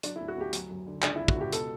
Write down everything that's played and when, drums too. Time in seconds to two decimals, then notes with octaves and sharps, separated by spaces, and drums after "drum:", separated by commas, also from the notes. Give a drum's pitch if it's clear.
0.03 F#3 D4, drum: hi-hat
0.16 E4
0.20 D2
0.28 F#4
0.37 D2 G4
0.53 F#3, drum: hi-hat
0.69 F#2
0.87 D3
1.02 C#2 D4, drum: clap
1.16 E4
1.20 C#2
1.28 F#4, drum: kick
1.37 C#2 G4
1.53 B2 A4, drum: hi-hat